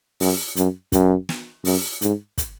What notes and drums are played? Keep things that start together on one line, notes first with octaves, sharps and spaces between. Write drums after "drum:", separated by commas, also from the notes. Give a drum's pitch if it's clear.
F#2, drum: open hi-hat
F#2, drum: hi-hat
F#2, drum: kick, hi-hat
drum: snare
F#2, drum: open hi-hat
G#2, drum: hi-hat
drum: kick, hi-hat